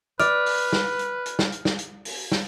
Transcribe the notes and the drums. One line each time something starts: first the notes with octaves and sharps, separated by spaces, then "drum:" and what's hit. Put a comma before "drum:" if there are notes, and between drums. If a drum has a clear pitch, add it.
B4 D5 F6, drum: hi-hat
drum: open hi-hat
drum: snare
drum: hi-hat
drum: hi-hat
drum: snare
drum: hi-hat
drum: snare
drum: hi-hat
drum: open hi-hat
drum: snare